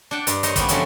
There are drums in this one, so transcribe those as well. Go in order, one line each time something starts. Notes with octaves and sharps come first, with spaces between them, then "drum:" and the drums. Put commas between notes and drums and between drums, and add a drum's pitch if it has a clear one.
D4 F#5 G5 A5
G2, drum: hi-hat
D#4 A#4 C5 C#5 D#5 A#5, drum: hi-hat
D#3 G3 A#3 B3 C#4, drum: kick, hi-hat
D3 F3 F#3 C4 C#4 E4, drum: hi-hat